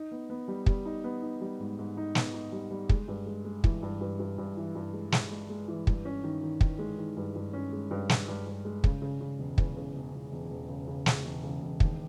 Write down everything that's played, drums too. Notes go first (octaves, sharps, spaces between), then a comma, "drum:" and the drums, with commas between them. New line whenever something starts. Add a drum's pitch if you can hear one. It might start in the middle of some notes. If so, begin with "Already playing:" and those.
Already playing: D#4
B3
B3
G3
G3, drum: kick
D#4
B3
D#4
G3
G#2
G#2
D#4
B3, drum: snare
D#4
G3
G3
G#3, drum: kick
G2
G#3
G#3
E3, drum: kick
G2
G2
G2
G2
E3
G2
G#3
G#3, drum: snare
G#3
G#3
E3
G2, drum: kick
C#4
D#3
D#3
D#3, drum: kick
G#3
D#3
G2
G2
C#4
G#3
G2
G#3, drum: snare
G2
G2
G#3
C#3, drum: kick
C#3
C#3
E1
E2, drum: kick
C#3
E1
E1
E1
E1
C#3
C#3
C#3, drum: snare
E1
C#3
E1
D#2, drum: kick